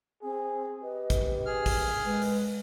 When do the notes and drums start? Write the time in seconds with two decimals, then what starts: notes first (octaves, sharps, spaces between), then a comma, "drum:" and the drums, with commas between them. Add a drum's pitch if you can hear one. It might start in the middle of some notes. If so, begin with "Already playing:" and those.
0.22 C4 G#4
0.82 G4 B4 D#5
1.10 drum: kick, hi-hat
1.46 G#4 F6
1.66 drum: kick, open hi-hat
2.04 G#3 B4
2.22 drum: open hi-hat